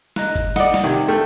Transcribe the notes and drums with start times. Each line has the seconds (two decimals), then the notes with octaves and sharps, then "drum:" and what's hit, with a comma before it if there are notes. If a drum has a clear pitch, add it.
0.16 D#5 A#5 F#6, drum: snare
0.36 drum: kick, hi-hat
0.56 D5 D#5 F#5, drum: snare
0.74 drum: snare
0.83 C3 D#3 E5 G5 G#6
1.08 A3 G5 F6 G6